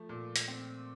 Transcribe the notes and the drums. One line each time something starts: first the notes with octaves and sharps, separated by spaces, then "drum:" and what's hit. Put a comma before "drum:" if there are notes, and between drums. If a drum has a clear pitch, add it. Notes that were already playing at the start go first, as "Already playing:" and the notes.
Already playing: F3 A3
A#2
drum: hi-hat
C4